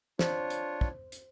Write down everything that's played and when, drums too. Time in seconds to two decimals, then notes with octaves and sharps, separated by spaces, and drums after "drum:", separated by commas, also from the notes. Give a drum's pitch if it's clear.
0.19 D4 F4 C5 C#5, drum: snare
0.50 drum: hi-hat
0.81 drum: kick
1.12 drum: hi-hat